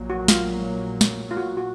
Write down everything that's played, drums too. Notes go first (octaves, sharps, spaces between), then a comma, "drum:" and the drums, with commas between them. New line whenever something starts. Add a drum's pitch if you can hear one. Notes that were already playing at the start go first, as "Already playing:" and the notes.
Already playing: A#1 A#2 F#3 A#3
F#4
F4, drum: snare
drum: snare
F4
F#4
F#4